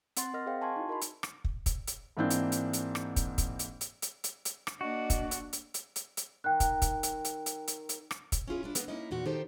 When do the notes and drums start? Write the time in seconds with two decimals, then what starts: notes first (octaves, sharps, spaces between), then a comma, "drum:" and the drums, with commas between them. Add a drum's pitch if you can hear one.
0.17 C4 F#5 C6 A6, drum: hi-hat
0.33 C4 A#4 D#5 F#5 F6 A#6
0.46 G#4 C5 D#5 F5 G5
0.61 G#5 A5 C6 C#6 G#6
0.76 D#4 E4 F#4
0.89 F#4 A#4 D#5 A5 B5 C6
1.02 drum: hi-hat
1.23 drum: rim click
1.44 drum: kick
1.66 drum: kick, hi-hat
1.87 drum: hi-hat
2.17 G#2 E3 A#3 C4 D4 G6
2.30 drum: hi-hat
2.52 drum: hi-hat
2.73 drum: hi-hat
2.95 drum: rim click
3.16 drum: kick, hi-hat
3.38 drum: kick, hi-hat
3.59 drum: hi-hat
3.81 drum: hi-hat
4.02 drum: hi-hat
4.24 drum: hi-hat
4.45 drum: hi-hat
4.67 drum: rim click
4.81 A#3 D4 F#4 D#5
5.10 drum: kick, hi-hat
5.31 drum: hi-hat
5.53 drum: hi-hat
5.74 drum: hi-hat
5.96 drum: hi-hat
6.17 drum: hi-hat
6.44 D#3 G5 F#6
6.60 drum: kick, hi-hat
6.82 drum: kick, hi-hat
7.03 drum: hi-hat
7.25 drum: hi-hat
7.46 drum: hi-hat
7.68 drum: hi-hat
7.89 drum: hi-hat
8.11 drum: rim click
8.32 drum: kick, hi-hat
8.48 C#4 E4 F4 G#4
8.63 D4 E4 F4
8.75 A#3 B3 G#4, drum: hi-hat
8.88 A#3 C#4 D#4 E4 D#5
9.11 E2 A#2 F#4
9.25 D#3 D#4 G4 A4 C5 G5